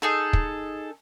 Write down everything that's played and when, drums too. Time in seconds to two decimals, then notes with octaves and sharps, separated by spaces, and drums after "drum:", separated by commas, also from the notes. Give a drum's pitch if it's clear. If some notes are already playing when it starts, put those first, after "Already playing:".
0.02 D#4 G#4 A4
0.33 drum: kick